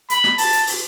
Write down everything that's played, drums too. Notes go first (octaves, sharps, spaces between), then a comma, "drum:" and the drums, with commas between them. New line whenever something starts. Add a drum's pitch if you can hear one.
B5, drum: hi-hat
drum: snare
A5, drum: open hi-hat
drum: hi-hat
drum: open hi-hat